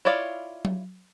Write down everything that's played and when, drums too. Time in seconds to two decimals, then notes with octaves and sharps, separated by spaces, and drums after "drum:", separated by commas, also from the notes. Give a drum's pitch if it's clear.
0.05 E4 F4 C#5 D5 F5
0.65 drum: tom F#3